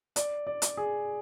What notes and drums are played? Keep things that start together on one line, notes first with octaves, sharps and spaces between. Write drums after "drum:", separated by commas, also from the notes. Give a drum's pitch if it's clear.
D5, drum: hi-hat
D5
drum: hi-hat
G#4